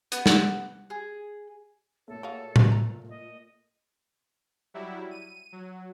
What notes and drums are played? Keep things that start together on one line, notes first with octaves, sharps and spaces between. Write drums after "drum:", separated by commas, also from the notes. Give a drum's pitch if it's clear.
B3, drum: hi-hat
drum: snare
G#4
A#2 A3 A4 C#5
F#4 G#4 F5
drum: tom A2
F4 A#5
D#5
F#3 G3 E4
D#7
F#3